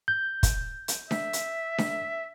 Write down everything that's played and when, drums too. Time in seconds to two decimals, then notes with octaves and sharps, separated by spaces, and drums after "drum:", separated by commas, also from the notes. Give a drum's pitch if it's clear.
0.08 G6
0.43 drum: kick, hi-hat
0.88 drum: hi-hat
1.11 E5, drum: snare D4
1.33 drum: hi-hat
1.78 drum: snare D4